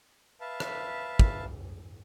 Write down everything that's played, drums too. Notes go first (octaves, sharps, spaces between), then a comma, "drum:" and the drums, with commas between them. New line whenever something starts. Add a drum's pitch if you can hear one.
B4 E5 F5 A5
drum: rim click
drum: kick